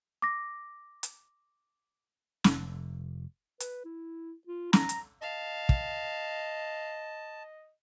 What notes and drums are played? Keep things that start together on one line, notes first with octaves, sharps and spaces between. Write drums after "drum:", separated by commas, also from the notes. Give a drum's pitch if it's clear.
D6 A#6
drum: hi-hat
F1, drum: snare
B4, drum: hi-hat
E4
F4
A#5, drum: snare
drum: hi-hat
D#5 F5 A5
drum: kick